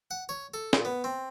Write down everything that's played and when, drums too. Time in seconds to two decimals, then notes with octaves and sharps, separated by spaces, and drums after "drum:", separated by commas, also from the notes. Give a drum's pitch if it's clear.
0.11 F#5
0.29 C#5
0.54 A4
0.73 A#2, drum: snare
0.85 B3
1.04 C4